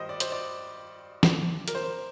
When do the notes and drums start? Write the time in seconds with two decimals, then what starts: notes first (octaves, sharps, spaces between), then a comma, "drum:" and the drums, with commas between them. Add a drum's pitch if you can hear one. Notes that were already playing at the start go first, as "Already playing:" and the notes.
Already playing: G2 D#3 C5 D#5
0.09 D5
0.20 C5, drum: hi-hat
0.32 D5
1.23 drum: snare
1.68 A#4, drum: hi-hat
1.75 C5